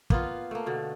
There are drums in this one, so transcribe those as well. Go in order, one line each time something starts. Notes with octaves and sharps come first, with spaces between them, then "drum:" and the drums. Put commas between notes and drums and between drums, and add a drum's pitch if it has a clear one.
A#3 B3 F4, drum: kick
A3 A#3
B2 D3